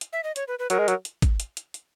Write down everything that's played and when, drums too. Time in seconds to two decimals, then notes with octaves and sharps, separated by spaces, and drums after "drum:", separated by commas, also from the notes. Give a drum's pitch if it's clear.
0.01 drum: hi-hat
0.13 E5
0.24 D#5
0.36 C#5, drum: hi-hat
0.48 B4
0.59 B4
0.70 F#3 A#4, drum: hi-hat
0.79 G#3
0.88 F#3, drum: hi-hat
1.05 drum: hi-hat
1.22 drum: kick, hi-hat
1.40 drum: hi-hat
1.57 drum: hi-hat
1.74 drum: hi-hat